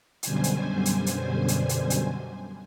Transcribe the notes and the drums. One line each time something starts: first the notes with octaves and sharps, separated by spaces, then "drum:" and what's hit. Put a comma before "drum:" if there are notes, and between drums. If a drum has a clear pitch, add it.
F#2 B2 D3 G3 C5 G#5, drum: hi-hat
drum: hi-hat
drum: hi-hat
drum: hi-hat
drum: hi-hat
drum: hi-hat
drum: hi-hat